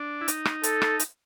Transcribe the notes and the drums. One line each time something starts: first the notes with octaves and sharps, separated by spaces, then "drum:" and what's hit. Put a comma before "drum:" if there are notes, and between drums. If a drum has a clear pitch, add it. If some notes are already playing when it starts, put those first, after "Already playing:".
Already playing: D4
E4
D#4, drum: hi-hat
drum: rim click
A4, drum: hi-hat
drum: rim click
drum: hi-hat